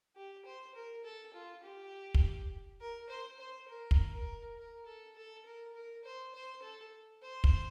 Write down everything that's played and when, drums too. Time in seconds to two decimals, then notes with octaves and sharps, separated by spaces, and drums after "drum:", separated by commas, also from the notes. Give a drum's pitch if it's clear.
0.16 G4
0.45 C5
0.75 A#4
1.04 A4
1.34 F4
1.63 G4
2.14 drum: kick
2.81 A#4
3.09 C5
3.39 C5
3.68 A#4
3.91 drum: kick
4.13 A#4
4.58 A#4
4.86 A4
5.16 A4
5.46 A#4
5.75 A#4
6.05 C5
6.34 C5
6.62 A4
7.22 C5
7.44 drum: kick